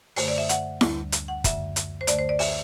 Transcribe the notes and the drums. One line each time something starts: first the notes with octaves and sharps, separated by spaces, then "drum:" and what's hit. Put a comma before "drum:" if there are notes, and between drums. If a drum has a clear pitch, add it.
F#2 D3 A3 C5, drum: open hi-hat
D5
E5
F#5, drum: hi-hat
D2 D3 G3, drum: snare E4
drum: hi-hat
F#5
F#2 D3 A3 E5, drum: kick, hi-hat
drum: hi-hat
C5
D2 D3 A3 D5, drum: hi-hat
C5
D5
E5, drum: open hi-hat